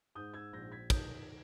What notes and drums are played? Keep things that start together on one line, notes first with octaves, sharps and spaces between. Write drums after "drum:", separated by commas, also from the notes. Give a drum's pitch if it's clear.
G#2 D#6 G6
E6 G#6
A#1 G6 A#6
G#6 B6
D#3 D#6 G6, drum: kick, cymbal